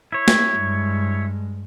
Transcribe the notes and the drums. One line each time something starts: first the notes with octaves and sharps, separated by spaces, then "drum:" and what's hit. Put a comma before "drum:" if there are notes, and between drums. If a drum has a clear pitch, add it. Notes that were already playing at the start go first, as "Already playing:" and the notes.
E4 C#5
drum: snare A#3
G2 G#3